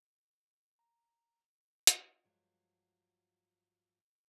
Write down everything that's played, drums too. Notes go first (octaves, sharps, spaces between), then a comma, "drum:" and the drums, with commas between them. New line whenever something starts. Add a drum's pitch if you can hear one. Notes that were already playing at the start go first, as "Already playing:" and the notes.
A#5
drum: hi-hat
G2 F3 F#3 G#3